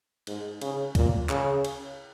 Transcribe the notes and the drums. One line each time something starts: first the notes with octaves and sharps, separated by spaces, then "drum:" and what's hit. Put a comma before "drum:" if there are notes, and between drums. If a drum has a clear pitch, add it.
G#2, drum: cymbal
C#3, drum: cymbal
A#2, drum: kick C#2, cymbal
C#3, drum: clap
drum: cymbal